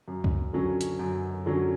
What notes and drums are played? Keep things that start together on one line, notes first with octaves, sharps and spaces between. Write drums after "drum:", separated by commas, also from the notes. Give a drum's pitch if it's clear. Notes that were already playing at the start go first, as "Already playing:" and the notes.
F#2
drum: kick C#2
D3 F#3 C#4
drum: hi-hat
F#2
D3 F#3 C#4